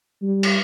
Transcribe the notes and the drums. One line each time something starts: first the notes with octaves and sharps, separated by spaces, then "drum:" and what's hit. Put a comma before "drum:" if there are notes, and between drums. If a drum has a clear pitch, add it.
G3
drum: cymbal